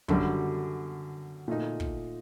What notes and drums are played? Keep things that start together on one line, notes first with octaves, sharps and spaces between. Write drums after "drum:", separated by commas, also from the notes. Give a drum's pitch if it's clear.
F#2 D3 G3, drum: kick
A#2 A3 D#4
drum: kick